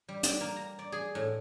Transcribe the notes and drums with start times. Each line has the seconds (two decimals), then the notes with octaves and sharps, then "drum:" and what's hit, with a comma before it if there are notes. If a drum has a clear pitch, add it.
0.09 G3
0.23 G5, drum: hi-hat
0.41 A#3
0.56 A#5
0.79 D5
0.92 G#4
1.15 A2